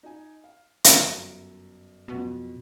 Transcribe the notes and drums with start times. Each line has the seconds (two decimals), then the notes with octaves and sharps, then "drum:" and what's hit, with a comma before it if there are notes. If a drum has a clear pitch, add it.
0.03 D#4 G#5
0.44 F5
0.84 G1 F#2, drum: hi-hat
2.08 F2 B2 F#3